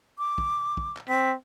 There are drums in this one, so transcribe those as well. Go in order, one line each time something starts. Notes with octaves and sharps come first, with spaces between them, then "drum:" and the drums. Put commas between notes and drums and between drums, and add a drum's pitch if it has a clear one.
D6
drum: kick
drum: kick
drum: clap
C4 B6